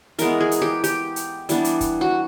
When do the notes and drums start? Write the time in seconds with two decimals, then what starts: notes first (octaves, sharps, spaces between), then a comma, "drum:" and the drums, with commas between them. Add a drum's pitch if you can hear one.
0.19 E3 G#3 B3 A#4, drum: hi-hat
0.41 G#4
0.51 drum: hi-hat
0.62 G4
0.84 G4, drum: hi-hat
1.16 drum: hi-hat
1.49 E3 G3 B3 D4, drum: hi-hat
1.64 drum: hi-hat
1.81 drum: kick, hi-hat
2.01 F#4